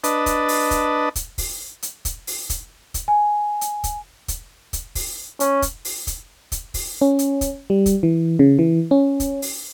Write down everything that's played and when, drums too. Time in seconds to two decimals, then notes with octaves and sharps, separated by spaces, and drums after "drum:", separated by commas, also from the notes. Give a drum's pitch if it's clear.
0.04 D4 B4 D#5 A5, drum: hi-hat
0.26 drum: kick, hi-hat
0.48 drum: open hi-hat
0.71 drum: kick, hi-hat
1.15 drum: kick, hi-hat
1.38 drum: kick, open hi-hat
1.83 drum: hi-hat
2.05 drum: kick, hi-hat
2.27 drum: open hi-hat
2.50 drum: kick, hi-hat
2.94 drum: kick, hi-hat
3.08 G#5
3.61 drum: hi-hat
3.84 drum: kick, hi-hat
4.28 drum: kick, hi-hat
4.73 drum: kick, hi-hat
4.95 drum: kick, open hi-hat
5.40 C#4, drum: hi-hat
5.62 drum: kick, hi-hat
5.85 drum: open hi-hat
6.07 drum: kick, hi-hat
6.52 drum: kick, hi-hat
6.74 drum: kick, open hi-hat
7.01 C#4
7.19 drum: hi-hat
7.41 drum: kick, hi-hat
7.70 G3
7.86 drum: kick, hi-hat
8.03 E3
8.39 C#3
8.59 E3
8.91 C#4
9.20 drum: kick, hi-hat
9.42 drum: open hi-hat